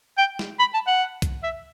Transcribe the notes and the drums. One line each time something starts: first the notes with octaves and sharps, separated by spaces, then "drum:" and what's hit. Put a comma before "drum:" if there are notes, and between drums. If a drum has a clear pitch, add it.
G5
drum: snare
B5
A5
F#5
drum: kick B1, hi-hat
E5